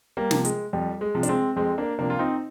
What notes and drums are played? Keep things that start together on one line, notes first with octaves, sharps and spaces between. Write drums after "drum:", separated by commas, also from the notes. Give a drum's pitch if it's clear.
G3 A#3
C3 F3, drum: snare
G#3, drum: hi-hat
F2 G3
G#3
C3 F3
D4, drum: hi-hat
G#3 C4
F2 G#3 C4
A#3 D4
C3 F3 A#3 D4
F4
C4 D#4